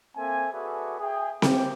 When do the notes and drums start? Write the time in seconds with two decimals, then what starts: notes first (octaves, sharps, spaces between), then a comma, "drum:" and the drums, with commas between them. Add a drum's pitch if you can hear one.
0.16 A#3 C4 A4 E5 G#5
0.52 F#4 G#4 A4 B4 D5 E5
1.00 G#4 E5 G5
1.42 A#3 G4 C5 G5, drum: snare C4